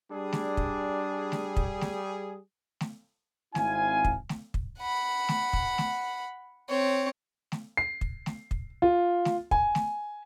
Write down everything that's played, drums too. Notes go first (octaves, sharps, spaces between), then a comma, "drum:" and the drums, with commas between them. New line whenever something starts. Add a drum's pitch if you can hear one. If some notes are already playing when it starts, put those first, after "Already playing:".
G3 D4 G#4
drum: snare A3
drum: kick
drum: snare A3
drum: kick
drum: snare A3
drum: snare A3
G#1 C4 E4 F5 G#5, drum: snare A3
drum: kick
drum: snare A3
drum: kick
F#5 B5
drum: snare A3
drum: kick
drum: snare A3
C4 C#5
drum: snare A3
C7
drum: kick
drum: snare A3
drum: kick
F4
drum: snare A3
G#5, drum: kick
drum: snare A3